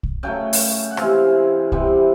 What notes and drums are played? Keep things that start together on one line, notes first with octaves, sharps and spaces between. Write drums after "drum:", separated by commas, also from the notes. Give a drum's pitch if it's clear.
drum: kick
C#3 F#3 A3 G5
drum: open hi-hat
F#5
C3 E3 G#3 F5, drum: rim click
C3 E3 G3 B3, drum: kick